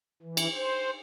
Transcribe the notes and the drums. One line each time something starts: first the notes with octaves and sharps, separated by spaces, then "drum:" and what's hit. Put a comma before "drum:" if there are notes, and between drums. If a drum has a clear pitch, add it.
E3
drum: cymbal
C5